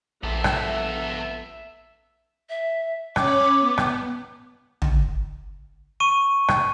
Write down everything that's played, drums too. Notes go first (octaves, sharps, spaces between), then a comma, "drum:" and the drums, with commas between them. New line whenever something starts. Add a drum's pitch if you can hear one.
A#1 B3 A4 E5
drum: rim click
E5
C#4 C#5 B5 D6, drum: rim click
B3
drum: rim click
drum: tom
C#6 D#7
drum: rim click